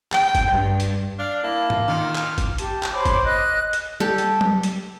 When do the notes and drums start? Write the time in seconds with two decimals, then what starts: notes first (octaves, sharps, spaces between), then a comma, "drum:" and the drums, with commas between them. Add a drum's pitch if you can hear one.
0.12 G5, drum: clap
0.35 drum: kick, hi-hat
0.51 G2
0.80 drum: hi-hat
1.19 D4 F5 F6
1.43 A#3 E4 F5 A5
1.70 drum: tom G#2
1.88 D#3 F4 D6 F6
2.15 drum: clap
2.38 drum: kick, hi-hat
2.58 G4 A5, drum: hi-hat
2.83 drum: clap
2.93 C5 C#5 B5 D6
3.05 drum: kick, hi-hat
3.24 D#5 F#6
3.73 drum: hi-hat
4.00 G3 G4 A4
4.18 drum: hi-hat
4.41 drum: tom F#3
4.63 drum: hi-hat